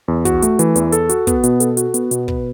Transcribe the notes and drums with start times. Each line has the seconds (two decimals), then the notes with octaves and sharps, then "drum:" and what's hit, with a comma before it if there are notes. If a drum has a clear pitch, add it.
0.08 E2
0.25 F#4, drum: kick, hi-hat
0.42 A3, drum: hi-hat
0.59 E3, drum: hi-hat
0.76 E2, drum: hi-hat
0.92 A4, drum: hi-hat
1.09 F#4, drum: hi-hat
1.27 B3, drum: kick, hi-hat
1.43 B2, drum: hi-hat
1.60 A4, drum: hi-hat
1.77 F#4, drum: hi-hat
1.94 B3, drum: hi-hat
2.11 B2, drum: hi-hat
2.28 B4, drum: kick